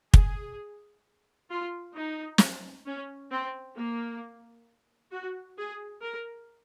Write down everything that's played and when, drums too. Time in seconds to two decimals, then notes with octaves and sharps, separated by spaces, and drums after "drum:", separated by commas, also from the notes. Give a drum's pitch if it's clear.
0.14 G#4, drum: kick
1.50 F4
1.95 D#4
2.38 drum: snare
2.86 C#4
3.31 C4
3.77 A#3
5.11 F#4
5.58 G#4
6.03 A#4